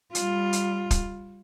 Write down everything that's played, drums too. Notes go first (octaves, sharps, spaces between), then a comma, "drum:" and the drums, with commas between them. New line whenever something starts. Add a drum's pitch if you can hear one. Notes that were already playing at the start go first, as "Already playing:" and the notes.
G3 F4, drum: hi-hat
drum: hi-hat
drum: kick, hi-hat